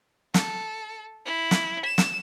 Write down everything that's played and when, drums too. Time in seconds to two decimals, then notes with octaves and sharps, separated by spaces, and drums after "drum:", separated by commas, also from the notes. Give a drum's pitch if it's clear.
0.34 A4, drum: snare
1.26 E4
1.51 drum: snare
1.85 E7
1.98 drum: snare